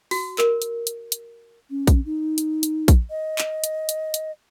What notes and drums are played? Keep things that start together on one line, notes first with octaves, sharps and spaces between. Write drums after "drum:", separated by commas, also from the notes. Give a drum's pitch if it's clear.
F#4, drum: open hi-hat
A#4, drum: clap
drum: hi-hat
drum: hi-hat
drum: hi-hat
C#4
drum: kick A#1, hi-hat
D#4
drum: hi-hat
drum: hi-hat
drum: kick A#1, hi-hat
D#5
drum: clap
drum: hi-hat
drum: hi-hat
drum: hi-hat